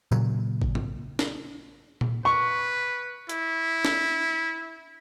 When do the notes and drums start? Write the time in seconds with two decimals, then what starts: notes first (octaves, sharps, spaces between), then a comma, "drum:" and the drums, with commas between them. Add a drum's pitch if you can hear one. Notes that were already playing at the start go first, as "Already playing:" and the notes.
0.11 A#2 C#3 F#3, drum: tambourine
0.62 drum: kick A1
0.75 drum: tom
1.19 drum: snare
2.01 drum: tom A#2
2.25 B4 C#6
3.29 E4, drum: hi-hat
3.85 drum: snare